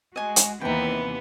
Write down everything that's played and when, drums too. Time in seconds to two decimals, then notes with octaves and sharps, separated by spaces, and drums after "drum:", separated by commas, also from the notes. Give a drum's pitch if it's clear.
0.16 G#3 F#4 D#5 G#5
0.36 drum: hi-hat
0.61 D#2 C3 E3 B3 G5 A#5